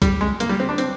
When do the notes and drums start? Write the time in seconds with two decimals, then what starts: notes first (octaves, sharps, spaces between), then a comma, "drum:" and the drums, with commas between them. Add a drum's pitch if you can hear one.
0.02 G3, drum: kick, hi-hat
0.21 G#3
0.40 A#3, drum: hi-hat
0.49 G3
0.60 C4
0.69 D4
0.78 C4, drum: hi-hat